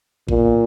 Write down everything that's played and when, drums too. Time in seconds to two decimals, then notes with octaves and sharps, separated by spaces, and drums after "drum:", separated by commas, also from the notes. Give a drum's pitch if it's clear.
0.29 A#2, drum: kick A1